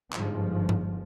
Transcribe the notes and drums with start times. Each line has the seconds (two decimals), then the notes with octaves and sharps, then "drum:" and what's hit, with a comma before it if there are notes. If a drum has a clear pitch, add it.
0.13 G1 G#2 F3, drum: clap
0.69 drum: tom G#2